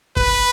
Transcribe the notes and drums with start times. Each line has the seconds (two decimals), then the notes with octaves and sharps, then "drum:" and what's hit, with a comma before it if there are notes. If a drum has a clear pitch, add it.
0.17 B4, drum: kick G1